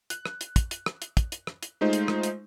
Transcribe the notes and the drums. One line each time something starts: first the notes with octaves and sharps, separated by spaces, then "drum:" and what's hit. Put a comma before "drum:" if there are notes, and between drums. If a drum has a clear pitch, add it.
F#6, drum: hi-hat
drum: rim click
drum: hi-hat
drum: kick, hi-hat
drum: hi-hat
drum: rim click
drum: hi-hat
drum: kick, hi-hat
drum: hi-hat
drum: rim click
drum: hi-hat
G#3 A3 D#4 F4 C5
drum: hi-hat
drum: rim click
drum: hi-hat